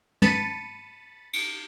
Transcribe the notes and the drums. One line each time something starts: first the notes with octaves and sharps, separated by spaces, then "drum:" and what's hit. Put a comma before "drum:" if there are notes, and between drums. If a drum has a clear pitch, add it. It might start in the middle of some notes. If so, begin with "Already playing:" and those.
A5 B5 A6 C#7 D#7, drum: tom
drum: cymbal